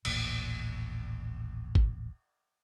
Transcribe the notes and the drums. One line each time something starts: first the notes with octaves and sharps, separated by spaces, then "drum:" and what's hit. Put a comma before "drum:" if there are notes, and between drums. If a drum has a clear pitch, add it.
D#1 A1 A#2, drum: cymbal
drum: kick G#1